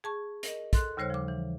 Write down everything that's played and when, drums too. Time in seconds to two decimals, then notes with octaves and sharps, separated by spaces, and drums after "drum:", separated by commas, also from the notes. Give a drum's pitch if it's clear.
0.04 G#4 A5 C#6
0.43 A#4 D#5, drum: hi-hat
0.73 A4 C6 F#6, drum: kick, hi-hat
0.97 D#2 C#3 G3 C5 C#5 F6
1.10 F3 D6
1.28 E3